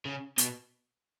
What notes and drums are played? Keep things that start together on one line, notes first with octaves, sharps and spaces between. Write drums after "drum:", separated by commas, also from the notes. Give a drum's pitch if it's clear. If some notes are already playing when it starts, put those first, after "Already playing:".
C#3
B2, drum: hi-hat